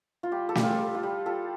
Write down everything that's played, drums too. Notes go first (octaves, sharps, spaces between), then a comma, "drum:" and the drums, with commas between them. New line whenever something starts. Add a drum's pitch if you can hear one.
F4
G3 G4
A4
G3 G4, drum: snare
F4
G3
F4
G3
F4 A4